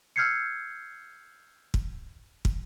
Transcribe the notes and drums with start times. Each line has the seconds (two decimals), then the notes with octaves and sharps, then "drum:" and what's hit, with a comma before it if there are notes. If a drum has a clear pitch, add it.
0.16 E6 F6 G6 G#6 C7 C#7
1.74 drum: kick
2.45 drum: kick